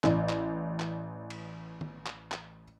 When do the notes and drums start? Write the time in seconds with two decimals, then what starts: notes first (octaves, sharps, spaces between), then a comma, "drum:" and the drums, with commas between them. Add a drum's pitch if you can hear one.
0.04 A1 D5, drum: clap
0.29 drum: clap
0.80 drum: clap
1.30 drum: cymbal
1.81 drum: tom D#3
2.06 drum: clap
2.32 drum: clap